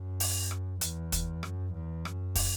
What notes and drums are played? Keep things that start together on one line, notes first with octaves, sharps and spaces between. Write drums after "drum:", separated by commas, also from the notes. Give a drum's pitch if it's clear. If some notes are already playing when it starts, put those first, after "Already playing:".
Already playing: F#2
drum: open hi-hat
drum: rim click
E2, drum: hi-hat
drum: kick, hi-hat
F#2, drum: rim click
E2
F#2, drum: rim click
drum: kick, open hi-hat